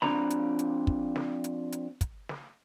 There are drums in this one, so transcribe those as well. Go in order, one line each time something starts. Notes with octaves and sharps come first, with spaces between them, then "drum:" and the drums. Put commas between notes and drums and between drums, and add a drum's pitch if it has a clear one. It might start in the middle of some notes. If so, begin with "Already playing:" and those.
F3 C4 D4 A#5 B5, drum: snare
drum: hi-hat
drum: hi-hat
drum: kick
drum: snare
drum: hi-hat
drum: hi-hat
drum: kick, hi-hat
drum: snare